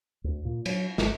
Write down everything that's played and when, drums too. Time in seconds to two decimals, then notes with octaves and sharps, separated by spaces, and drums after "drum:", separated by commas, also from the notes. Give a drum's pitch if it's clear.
0.24 D2
0.45 A#2
0.66 F#3, drum: cymbal
0.98 G#1, drum: snare